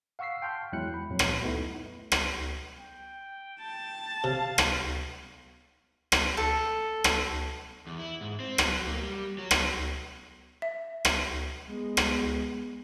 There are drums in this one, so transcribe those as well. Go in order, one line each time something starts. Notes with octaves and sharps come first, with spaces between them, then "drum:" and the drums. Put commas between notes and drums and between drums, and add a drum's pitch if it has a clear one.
F5 F#5 C#6 E6 B6 C7
G5 A5 C6 F6 G6
E2 F#3 G#3 E4 F#6 C#7
B5
F2 A#2 F#3
drum: rim click
A3 B3 D#4 E4
drum: rim click
G5
A5
C3 F5
drum: rim click
drum: rim click
A4
drum: rim click
E2
E4
G#2
C4
drum: rim click
F#3
A#3
G3
F#3
drum: rim click
E5
drum: rim click
G#3 B3
drum: rim click